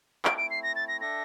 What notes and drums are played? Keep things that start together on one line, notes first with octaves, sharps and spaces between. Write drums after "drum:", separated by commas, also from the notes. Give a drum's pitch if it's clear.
A3 C4 E4 D7, drum: clap
D7
C7
A#6
A6
A#6
D4 A4 E5 G5 A#6